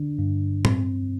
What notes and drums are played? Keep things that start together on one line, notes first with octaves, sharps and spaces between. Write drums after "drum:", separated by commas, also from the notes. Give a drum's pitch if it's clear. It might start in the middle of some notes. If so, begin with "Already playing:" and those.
Already playing: D3 D4
G2
C4, drum: tom A2